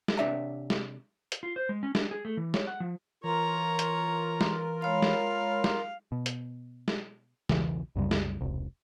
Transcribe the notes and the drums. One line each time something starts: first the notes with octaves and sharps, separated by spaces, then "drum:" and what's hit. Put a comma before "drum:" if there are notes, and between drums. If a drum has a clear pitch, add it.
drum: snare
C3 D4 E5 A#5
drum: snare
drum: hi-hat
F4
C5
G#3
C#4
D4, drum: snare
G#4
A3
E3
C#5, drum: snare
F#5
F3
E3 F4 A#4 C#5 A#5
drum: hi-hat
drum: snare
G#3 C#5 F5 B5
drum: snare
drum: snare
B2
drum: hi-hat
drum: snare
B1 E2 C#3 E3, drum: snare
C2 F#2 C#3 G3
drum: snare
E1 C2